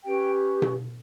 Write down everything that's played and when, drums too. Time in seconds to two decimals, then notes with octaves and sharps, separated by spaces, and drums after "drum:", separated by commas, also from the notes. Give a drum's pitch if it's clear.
0.04 C#4 G4 B4 G5
0.62 drum: tom B2